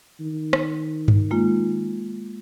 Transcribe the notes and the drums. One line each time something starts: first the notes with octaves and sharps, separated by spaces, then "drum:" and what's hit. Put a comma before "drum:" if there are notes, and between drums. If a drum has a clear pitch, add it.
D#3
drum: rim click
drum: tom G2
G#3 A#3 F4